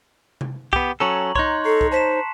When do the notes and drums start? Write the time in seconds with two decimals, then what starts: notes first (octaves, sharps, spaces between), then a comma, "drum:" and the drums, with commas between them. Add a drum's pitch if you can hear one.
0.41 drum: tom C3
0.73 B3 G4, drum: kick C2
1.00 F#3 C#4 A4 A#5 C#6 F#7
1.36 D#4 C#5 C6 F#6, drum: kick C2
1.65 A4 A#5 C7 C#7
1.81 drum: kick C2
1.92 C5 A5 B6 E7